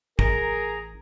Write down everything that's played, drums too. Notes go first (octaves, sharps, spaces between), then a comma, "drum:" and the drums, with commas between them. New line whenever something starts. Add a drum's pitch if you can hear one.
A1 G#4 A#4 A#5, drum: kick